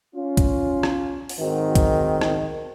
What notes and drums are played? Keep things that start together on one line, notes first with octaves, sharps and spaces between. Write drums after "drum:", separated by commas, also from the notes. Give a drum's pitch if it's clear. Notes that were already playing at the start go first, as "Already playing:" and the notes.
C#4 F4
drum: kick, hi-hat
drum: rim click
drum: open hi-hat
G#2 D#3 C4 F#4
drum: kick, hi-hat
drum: rim click